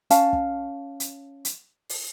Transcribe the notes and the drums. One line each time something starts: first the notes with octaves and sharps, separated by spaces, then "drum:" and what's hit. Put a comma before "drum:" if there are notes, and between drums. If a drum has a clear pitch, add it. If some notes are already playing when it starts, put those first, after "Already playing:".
C#4 F5 A5, drum: hi-hat
drum: kick
drum: hi-hat
drum: hi-hat
drum: open hi-hat